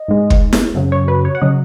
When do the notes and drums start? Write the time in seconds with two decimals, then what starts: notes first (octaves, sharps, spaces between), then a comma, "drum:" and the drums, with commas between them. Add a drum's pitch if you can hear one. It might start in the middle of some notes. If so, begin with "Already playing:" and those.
Already playing: D#5
0.08 G#2 G#3
0.30 drum: kick
0.53 drum: snare E4
0.75 F#2 C#3 F#3
0.92 C#5
1.08 B4
1.25 C#5
1.35 F#5
1.41 C#3 F#3 D#5